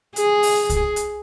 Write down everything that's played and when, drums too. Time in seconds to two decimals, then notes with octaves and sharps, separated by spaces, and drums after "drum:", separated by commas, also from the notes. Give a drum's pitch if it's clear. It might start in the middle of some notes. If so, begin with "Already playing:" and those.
0.16 G#4, drum: hi-hat
0.43 drum: open hi-hat
0.69 drum: kick C2, hi-hat
0.96 drum: hi-hat